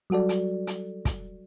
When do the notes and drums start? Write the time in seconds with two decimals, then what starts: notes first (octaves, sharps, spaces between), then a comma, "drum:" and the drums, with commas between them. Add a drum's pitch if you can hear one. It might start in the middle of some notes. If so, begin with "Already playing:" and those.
0.10 F#3 G3 F#4 A4 D5
0.29 drum: hi-hat
0.67 drum: hi-hat
1.05 drum: kick, hi-hat